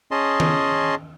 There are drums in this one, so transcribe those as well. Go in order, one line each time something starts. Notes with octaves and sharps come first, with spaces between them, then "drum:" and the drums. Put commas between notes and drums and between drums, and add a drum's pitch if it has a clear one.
C#4 G#4 D#5 A5 C6
drum: tom D#3